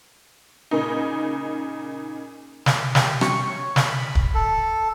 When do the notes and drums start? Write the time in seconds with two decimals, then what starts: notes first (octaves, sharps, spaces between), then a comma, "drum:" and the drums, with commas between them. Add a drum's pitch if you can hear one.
0.71 A#2 C#3 A#3 D#4
2.66 D6, drum: snare
2.95 G4, drum: snare
3.21 C#6, drum: rim click
3.50 C#5
3.76 drum: snare
3.86 B5
4.15 drum: kick
4.34 A4